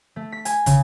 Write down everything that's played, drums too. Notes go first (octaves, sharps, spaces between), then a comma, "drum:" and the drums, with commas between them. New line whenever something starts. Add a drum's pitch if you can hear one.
A3
B6
G#5, drum: hi-hat
C#3, drum: kick, hi-hat